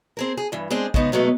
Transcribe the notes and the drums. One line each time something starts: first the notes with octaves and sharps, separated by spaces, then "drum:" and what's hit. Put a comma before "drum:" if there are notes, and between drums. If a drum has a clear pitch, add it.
C4 G#4 A#4
G#4
G2 E3
G#3 C4 D4 G#4
C#3 G#3 B3 D#4, drum: kick
B2 F#3 G#3 A3 B3